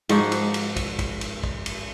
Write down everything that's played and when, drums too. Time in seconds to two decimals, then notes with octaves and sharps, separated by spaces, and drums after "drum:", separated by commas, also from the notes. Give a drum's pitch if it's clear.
0.09 G#2 F3 D#4 F#4, drum: cymbal
0.32 drum: cymbal
0.54 drum: cymbal
0.76 drum: kick, cymbal
0.99 drum: kick, cymbal
1.21 drum: cymbal
1.43 drum: kick
1.66 drum: cymbal